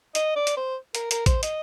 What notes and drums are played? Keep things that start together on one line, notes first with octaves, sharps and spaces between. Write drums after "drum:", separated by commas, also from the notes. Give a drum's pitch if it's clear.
D#5, drum: hi-hat
D5
drum: hi-hat
C5
A#4, drum: hi-hat
A#4, drum: hi-hat
C5, drum: kick A1, hi-hat
D#5, drum: hi-hat